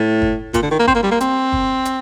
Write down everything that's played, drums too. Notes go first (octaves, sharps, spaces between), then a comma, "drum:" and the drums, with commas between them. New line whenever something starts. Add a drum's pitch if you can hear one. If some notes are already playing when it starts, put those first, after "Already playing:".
Already playing: A2
drum: kick
A#2, drum: kick, hi-hat
D3
D#3
A#3
C4, drum: kick
A#3
G3
A#3
C4, drum: hi-hat
drum: kick
drum: hi-hat